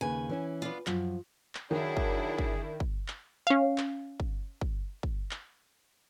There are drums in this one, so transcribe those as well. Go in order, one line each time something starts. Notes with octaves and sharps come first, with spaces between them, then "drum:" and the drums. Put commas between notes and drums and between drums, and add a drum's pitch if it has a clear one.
D#2 C#3 B4 G#5
E3 C#4 E4
B3 D4 F4
F#2 F3, drum: clap
drum: clap
D#3 F#3 D4 E4 G#4
drum: kick
drum: kick
drum: kick
drum: clap
C#4 F5
drum: clap
drum: kick
drum: kick
drum: kick
drum: clap